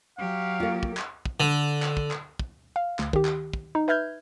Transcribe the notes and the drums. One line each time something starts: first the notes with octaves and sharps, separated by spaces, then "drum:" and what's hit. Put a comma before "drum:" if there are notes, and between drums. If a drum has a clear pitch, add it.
F#3 G4 F5
A#3 F4
drum: kick
drum: clap
drum: kick
D3
drum: clap
drum: kick
drum: clap
drum: kick
F5
D2, drum: clap
D#3 G4, drum: kick
drum: clap
drum: kick
D#4
B4 E5 F6 G6 G#6